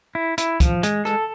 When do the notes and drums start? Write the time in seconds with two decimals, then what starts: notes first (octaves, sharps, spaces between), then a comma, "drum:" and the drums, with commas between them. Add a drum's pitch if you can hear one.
0.15 E4
0.38 E4, drum: hi-hat
0.60 F3, drum: kick, hi-hat
0.83 G#3, drum: hi-hat
1.05 A4, drum: rim click